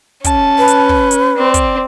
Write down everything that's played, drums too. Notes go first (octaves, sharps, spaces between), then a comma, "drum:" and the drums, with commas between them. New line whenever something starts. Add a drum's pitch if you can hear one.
C#4 A5, drum: kick, hi-hat
B4
drum: hi-hat
drum: kick
drum: hi-hat
C4 D5
drum: kick, hi-hat